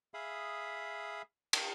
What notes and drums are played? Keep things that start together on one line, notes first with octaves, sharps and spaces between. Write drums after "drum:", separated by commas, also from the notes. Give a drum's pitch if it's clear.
G#4 E5 F5 B5 D#6
drum: cymbal